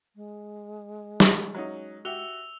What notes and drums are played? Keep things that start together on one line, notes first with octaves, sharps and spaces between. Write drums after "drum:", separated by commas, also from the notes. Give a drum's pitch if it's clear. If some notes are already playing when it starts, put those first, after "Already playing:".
G#3
drum: snare
F#3 C#4 D#4
F#4 G4 E5 E6 F7 G7